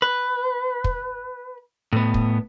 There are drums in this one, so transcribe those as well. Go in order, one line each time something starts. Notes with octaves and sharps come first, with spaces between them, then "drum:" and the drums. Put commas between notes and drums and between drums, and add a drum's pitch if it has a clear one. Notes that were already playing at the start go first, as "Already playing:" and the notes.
B4
drum: kick
A2 B3
drum: kick